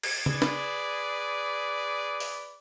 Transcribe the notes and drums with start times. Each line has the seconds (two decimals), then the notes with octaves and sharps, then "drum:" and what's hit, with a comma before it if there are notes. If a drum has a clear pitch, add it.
0.03 drum: cymbal
0.26 G#4 B4 D5, drum: tom C#3
0.42 drum: snare
2.20 drum: open hi-hat